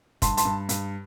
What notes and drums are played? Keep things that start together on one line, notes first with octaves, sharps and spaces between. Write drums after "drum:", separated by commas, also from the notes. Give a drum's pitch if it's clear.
G2 A5 C6, drum: kick, hi-hat
A5 C6, drum: hi-hat
G2
G2, drum: hi-hat